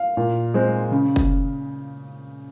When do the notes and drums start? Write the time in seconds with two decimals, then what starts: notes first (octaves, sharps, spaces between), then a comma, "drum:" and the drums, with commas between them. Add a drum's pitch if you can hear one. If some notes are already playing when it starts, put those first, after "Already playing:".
Already playing: F5
0.17 A#2
0.54 G#3 C4
0.91 C#3
1.16 drum: kick